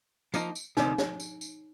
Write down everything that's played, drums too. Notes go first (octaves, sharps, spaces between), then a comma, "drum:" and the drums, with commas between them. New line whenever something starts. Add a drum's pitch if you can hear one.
F3 A#3 D#4 A#4 D#5, drum: tambourine
drum: tambourine
D2 C3 D#3 D#4, drum: snare
drum: snare
drum: tambourine
drum: tambourine